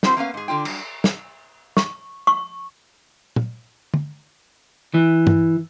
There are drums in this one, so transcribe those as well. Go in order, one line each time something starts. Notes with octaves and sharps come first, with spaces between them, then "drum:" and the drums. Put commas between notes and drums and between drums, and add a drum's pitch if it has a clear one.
C4 E4 F#4 A#4 C5, drum: snare
A#3 B3 C#4 F5
G#2 G#4
D3 D4 F4 G5
F#3 G3, drum: cymbal
drum: snare
C#6, drum: snare
C#6
drum: tom
drum: tom
E3
drum: tom